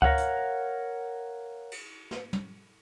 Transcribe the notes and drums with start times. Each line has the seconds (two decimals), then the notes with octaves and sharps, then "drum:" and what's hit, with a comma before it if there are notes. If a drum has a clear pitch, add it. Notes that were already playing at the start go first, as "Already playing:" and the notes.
0.02 A#4 C#5 F5 F#5, drum: kick C#2
0.18 drum: hi-hat
1.72 drum: cymbal
2.11 drum: snare
2.33 drum: tom